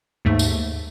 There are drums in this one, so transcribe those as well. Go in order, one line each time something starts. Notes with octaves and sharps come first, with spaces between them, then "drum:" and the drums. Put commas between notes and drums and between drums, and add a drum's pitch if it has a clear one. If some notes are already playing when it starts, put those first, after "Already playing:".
D#2 G#2 A3
drum: tambourine